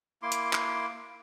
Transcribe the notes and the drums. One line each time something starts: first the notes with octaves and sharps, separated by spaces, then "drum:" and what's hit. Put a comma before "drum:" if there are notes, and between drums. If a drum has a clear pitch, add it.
A#3 E4 C6 D6
drum: hi-hat
drum: clap